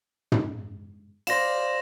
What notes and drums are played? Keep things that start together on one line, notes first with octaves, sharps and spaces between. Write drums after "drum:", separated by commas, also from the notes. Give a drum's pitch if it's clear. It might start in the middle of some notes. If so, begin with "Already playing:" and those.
drum: tom
C5 D5 F5 A#6 E7, drum: cymbal